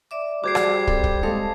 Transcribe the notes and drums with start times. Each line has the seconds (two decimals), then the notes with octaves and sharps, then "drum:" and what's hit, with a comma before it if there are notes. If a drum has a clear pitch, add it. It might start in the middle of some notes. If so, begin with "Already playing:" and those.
0.11 D5 E5 D6
0.44 G3 F#4 G#4 C5 D5 D6 G#6 C7
0.55 drum: rim click
0.87 C4 A4, drum: kick
1.04 drum: kick
1.23 G#3 A4 D#5 F5 A5 C6